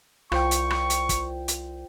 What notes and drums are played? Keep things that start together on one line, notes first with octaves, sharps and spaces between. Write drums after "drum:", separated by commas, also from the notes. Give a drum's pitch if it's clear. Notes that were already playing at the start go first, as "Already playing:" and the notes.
C2 F4 C5 G5 C#6, drum: rim click
drum: hi-hat
drum: rim click
drum: hi-hat
drum: kick, hi-hat
drum: hi-hat